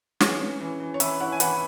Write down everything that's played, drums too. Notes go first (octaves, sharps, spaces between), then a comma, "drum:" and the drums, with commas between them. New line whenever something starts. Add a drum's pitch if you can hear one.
E3 G#4 C#5, drum: snare
C#4
E3
E3
C#5
E3 B4 E5, drum: hi-hat
E4 C#5 F#5
G#5
E3 F#5 B5, drum: hi-hat